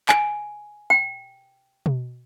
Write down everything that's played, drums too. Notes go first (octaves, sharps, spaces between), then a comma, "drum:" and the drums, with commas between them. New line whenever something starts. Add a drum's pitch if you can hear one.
G#5, drum: clap
G5
drum: tom B2